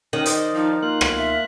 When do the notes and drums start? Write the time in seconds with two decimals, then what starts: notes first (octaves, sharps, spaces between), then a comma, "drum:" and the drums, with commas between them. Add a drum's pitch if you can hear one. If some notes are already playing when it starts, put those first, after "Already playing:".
0.13 D#3 C#4 D#6 F#6
0.26 C5 D5 D#5, drum: hi-hat
0.55 F3 D#4
0.83 A#3 F4 F#6
1.01 drum: rim click
1.17 E5